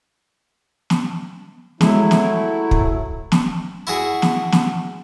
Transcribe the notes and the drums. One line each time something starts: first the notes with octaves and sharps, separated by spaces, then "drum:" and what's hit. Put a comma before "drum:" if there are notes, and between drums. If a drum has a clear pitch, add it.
drum: snare
F#3 G#3 A3 E4, drum: snare
drum: snare
drum: kick
drum: snare
E4 F#4 G#4
drum: snare
drum: snare